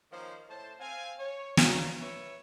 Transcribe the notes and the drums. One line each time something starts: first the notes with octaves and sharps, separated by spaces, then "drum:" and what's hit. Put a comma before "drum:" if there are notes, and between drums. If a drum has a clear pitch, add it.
D#3 F3 A#3 C#4 D#4 C5
A2 C5 A5
C4 F5 G#5
C#5
F3 F#3 D5 F5 A#5, drum: snare
B4 C#5 E5